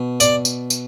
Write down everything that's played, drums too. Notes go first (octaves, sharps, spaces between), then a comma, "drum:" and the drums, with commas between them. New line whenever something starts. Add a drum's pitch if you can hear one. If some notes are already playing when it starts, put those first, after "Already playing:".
Already playing: B2
D5, drum: tambourine
drum: tambourine
drum: tambourine